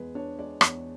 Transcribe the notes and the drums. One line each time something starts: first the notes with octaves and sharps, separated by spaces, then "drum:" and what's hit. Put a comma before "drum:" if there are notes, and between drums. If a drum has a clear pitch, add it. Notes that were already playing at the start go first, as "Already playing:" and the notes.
Already playing: E2 G#3 G#4 B4
D4 C#5
G#3 D5
E2 C#5, drum: rim click